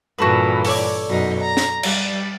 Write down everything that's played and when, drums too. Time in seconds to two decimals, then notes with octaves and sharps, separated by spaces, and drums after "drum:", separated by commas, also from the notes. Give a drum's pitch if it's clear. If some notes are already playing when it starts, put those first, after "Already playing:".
0.19 G2 A#2 E3 F#4 A4 B4
0.65 A4 C#5 D5, drum: open hi-hat
1.08 F#2 B2 D#4
1.40 A#5
1.57 drum: snare
1.83 G3, drum: cymbal